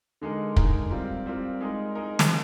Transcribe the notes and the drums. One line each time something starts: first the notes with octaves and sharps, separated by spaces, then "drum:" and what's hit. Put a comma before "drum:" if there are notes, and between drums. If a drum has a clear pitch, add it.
D3 G#3 D#4 A#4
D3 G#3 D#4 A#4, drum: kick
G3 C4 F4 A#4
G3 C4 F4 A#4
G#3 D#4 A#4
G#3 D#4 A#4
drum: snare